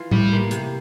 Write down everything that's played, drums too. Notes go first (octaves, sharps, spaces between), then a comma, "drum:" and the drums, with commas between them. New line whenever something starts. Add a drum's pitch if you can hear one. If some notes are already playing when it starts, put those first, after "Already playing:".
Already playing: E3 F4
A2 G3, drum: tom A2
E3 A#3 F4
C3, drum: hi-hat